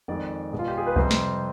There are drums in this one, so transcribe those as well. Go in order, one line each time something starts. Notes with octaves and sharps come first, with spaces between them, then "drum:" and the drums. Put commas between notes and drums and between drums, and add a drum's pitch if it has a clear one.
F2 D#3 G#3 D5
B2 G#3
F4
G4
G#4
B4
F2 C3 G3 C5, drum: kick C#2
drum: snare